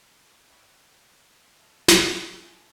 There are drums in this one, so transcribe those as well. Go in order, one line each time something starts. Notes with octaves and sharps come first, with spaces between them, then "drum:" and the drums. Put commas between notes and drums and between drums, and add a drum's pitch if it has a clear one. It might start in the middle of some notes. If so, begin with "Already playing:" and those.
C#5 D5 E5 F#5 G5 B5
F#5
E5 F5 A5 A#5
D#4 F4 G4 G#4 A#4 C#5, drum: snare
D4 F4 G#4 E5 G5 G#5